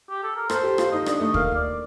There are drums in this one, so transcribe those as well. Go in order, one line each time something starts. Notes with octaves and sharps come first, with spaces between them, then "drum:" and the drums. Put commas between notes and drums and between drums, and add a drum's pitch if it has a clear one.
G4
A4
A#4
A4 C5, drum: rim click
G4
F4, drum: rim click
D#4 D#5
D4, drum: rim click
D#5
A3
A#3 F5, drum: kick
D5